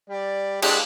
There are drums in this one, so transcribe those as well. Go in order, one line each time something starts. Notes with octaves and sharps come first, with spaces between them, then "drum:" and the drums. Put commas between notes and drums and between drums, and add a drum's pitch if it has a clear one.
G3 D5
G#3 D4 G4, drum: cymbal